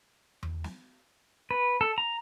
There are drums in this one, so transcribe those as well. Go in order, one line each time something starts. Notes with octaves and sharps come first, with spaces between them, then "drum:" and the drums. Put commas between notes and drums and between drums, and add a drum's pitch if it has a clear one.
drum: tom E2
drum: snare
B4
A4
A#5